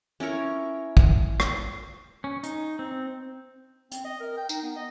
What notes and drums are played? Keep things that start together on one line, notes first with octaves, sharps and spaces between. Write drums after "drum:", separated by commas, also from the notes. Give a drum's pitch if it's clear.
C#4 E4 A#4 C#5
drum: kick
drum: rim click
C#4
D#4, drum: hi-hat
C4
C4, drum: hi-hat
D#5
A#4
G5
D#4, drum: tambourine
B3
D#5